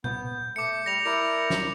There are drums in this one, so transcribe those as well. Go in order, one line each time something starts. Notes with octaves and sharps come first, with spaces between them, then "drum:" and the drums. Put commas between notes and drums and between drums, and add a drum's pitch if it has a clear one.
B3 G6, drum: tom A#2
A3 D6 C#7
G3 A#6 F7
E4 A#4 D5 C#7
drum: snare